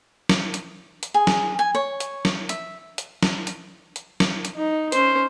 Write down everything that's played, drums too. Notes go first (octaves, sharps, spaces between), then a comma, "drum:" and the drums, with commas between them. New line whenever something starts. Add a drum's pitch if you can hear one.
drum: snare
drum: hi-hat
drum: hi-hat
G#4
drum: snare
G#5
C#5
drum: hi-hat
drum: snare
E5, drum: hi-hat
drum: hi-hat
drum: snare
drum: hi-hat
drum: hi-hat
drum: snare
drum: hi-hat
D#4
C#4 C5, drum: hi-hat